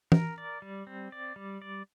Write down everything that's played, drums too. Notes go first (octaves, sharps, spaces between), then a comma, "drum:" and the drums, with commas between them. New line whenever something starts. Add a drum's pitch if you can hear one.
A#4, drum: tom
D5
G3
C4
D5
G3
D5